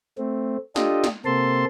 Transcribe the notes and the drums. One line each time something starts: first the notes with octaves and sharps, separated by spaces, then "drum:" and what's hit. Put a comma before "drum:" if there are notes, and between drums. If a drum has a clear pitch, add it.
A3 C4
D4 F4 G4 A4 D#5, drum: snare
drum: snare
C3 A#3 C4 A4 A5 C6